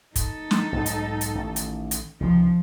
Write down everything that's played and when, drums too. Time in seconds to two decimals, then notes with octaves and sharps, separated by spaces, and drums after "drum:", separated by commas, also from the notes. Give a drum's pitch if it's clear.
0.16 D#4 A4, drum: kick, hi-hat
0.51 drum: snare
0.72 B1 G#2 G#3
0.86 drum: hi-hat
1.21 drum: hi-hat
1.35 A1 D#3 A3
1.56 drum: hi-hat
1.91 drum: hi-hat
2.20 C#2 C3 D#3 F3